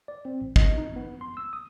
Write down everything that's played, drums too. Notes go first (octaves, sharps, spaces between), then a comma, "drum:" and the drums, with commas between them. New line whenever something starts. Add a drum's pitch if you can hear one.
D5
C4
A1
D#5, drum: kick
D#4
B3
C6
E6
D#6